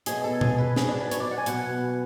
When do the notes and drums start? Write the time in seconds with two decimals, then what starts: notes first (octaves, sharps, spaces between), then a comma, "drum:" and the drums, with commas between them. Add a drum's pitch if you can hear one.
0.06 B2 F#3 A3 G#4, drum: hi-hat
0.24 A4
0.41 G#4, drum: tom B2
0.58 B4
0.76 G#2 F#3 B3 G#4, drum: snare
0.89 D4
1.00 B4
1.11 C#5, drum: hi-hat
1.20 D5
1.31 F#5
1.38 G#5
1.46 B2 F#3 B3 F#5, drum: hi-hat